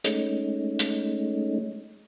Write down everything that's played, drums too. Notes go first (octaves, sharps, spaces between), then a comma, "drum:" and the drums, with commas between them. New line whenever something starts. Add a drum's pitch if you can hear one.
G#3 A3 C#4 D#4, drum: hi-hat
drum: hi-hat